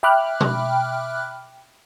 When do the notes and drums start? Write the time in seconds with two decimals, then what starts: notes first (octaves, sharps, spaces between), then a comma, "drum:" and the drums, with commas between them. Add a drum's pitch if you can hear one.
0.03 E5 G5 B5 D6 F6 F#6
0.40 drum: tom B2